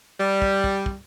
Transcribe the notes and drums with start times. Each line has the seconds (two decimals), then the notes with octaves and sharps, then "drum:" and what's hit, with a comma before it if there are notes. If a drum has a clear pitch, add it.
0.20 G3
0.42 drum: kick
0.64 drum: kick
0.86 drum: kick